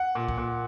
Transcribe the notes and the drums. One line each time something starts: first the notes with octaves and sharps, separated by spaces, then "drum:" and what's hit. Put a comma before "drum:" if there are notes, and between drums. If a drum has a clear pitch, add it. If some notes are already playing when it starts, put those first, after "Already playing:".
Already playing: F#5
A#2
drum: kick
A#2